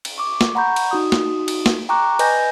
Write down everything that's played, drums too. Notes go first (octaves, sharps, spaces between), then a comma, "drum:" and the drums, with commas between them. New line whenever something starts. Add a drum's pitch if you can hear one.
drum: cymbal
C#6 D6
drum: snare
F#5 A#5 B5 C#6 G6
drum: cymbal
D#4 F#4 D#6
drum: snare
drum: cymbal
drum: snare
G5 A#5 C#6 D6 F#6
B4 D#5 G#5 B5 G6 A#6, drum: cymbal